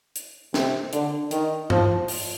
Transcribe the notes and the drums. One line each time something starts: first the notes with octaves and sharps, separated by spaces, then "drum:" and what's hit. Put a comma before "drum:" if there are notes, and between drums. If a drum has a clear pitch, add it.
drum: hi-hat
C3, drum: snare
D3, drum: hi-hat
D#3, drum: hi-hat
F3, drum: tom G2
drum: open hi-hat